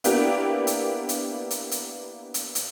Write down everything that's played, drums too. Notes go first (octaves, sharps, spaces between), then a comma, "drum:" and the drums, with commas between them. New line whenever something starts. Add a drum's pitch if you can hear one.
A#3 B3 D4 E4 G4 A#4, drum: hi-hat
drum: hi-hat
drum: hi-hat
drum: hi-hat
drum: hi-hat
drum: hi-hat
drum: hi-hat